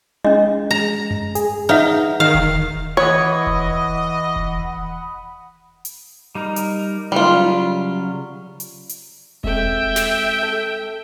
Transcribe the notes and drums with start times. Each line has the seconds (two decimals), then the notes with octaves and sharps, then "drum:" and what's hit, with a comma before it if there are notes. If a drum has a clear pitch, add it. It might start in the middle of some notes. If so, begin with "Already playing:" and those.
0.25 G#3 C#4 D#5
0.71 A#5
1.11 drum: tom F#2
1.35 G#4, drum: hi-hat
1.69 D#4 B4 E5 F#5
2.20 D#3 F5
2.34 drum: kick E1
2.97 E3 C#5 D#5 F#5 B5 D#6
3.47 drum: kick E1
4.36 drum: kick E1
5.85 drum: hi-hat
6.35 G3 D#4 A#4
6.56 drum: hi-hat
7.12 C#3 F#3 G3 F4
8.60 drum: hi-hat
8.89 drum: hi-hat
9.44 G#3 C4 A4 E5 G5, drum: kick E1
9.96 drum: snare
10.43 A4